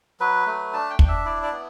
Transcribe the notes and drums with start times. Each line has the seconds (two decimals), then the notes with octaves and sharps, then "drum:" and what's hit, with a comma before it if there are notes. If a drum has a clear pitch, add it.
0.20 F#3 B4
0.46 A3
0.73 D4 A5
0.90 G5
0.99 D4, drum: kick
1.08 E5
1.25 E4 D5
1.43 D5
1.52 B3